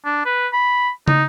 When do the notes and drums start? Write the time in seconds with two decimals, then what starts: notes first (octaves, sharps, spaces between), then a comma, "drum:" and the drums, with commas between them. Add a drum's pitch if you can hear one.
0.05 D4
0.25 B4
0.53 B5
1.08 D#4, drum: tom